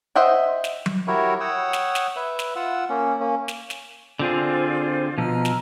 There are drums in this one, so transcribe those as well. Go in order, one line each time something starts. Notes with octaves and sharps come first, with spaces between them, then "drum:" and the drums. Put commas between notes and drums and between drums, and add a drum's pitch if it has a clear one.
C5 D#5 E5 F#5 G5
drum: snare
drum: tom F#3
E4 F#4 G4 A#4 C#5 E5
C#5 F#5 G5 D#6 E6
drum: snare
drum: snare
B4 E5
drum: snare
F4 F#5 E6
A#3 C#4
A#3 C#4
drum: snare
drum: snare
D3 C4 F4 G#4 C5 D5
B2 F3 A#5 E6 F6
drum: snare